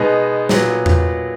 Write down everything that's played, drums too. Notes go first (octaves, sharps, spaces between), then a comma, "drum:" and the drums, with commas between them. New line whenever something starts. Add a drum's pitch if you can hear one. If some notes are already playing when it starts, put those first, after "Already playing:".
Already playing: B2 G#3 B3 D#4
A#2 F#3 B3, drum: snare
drum: tom E2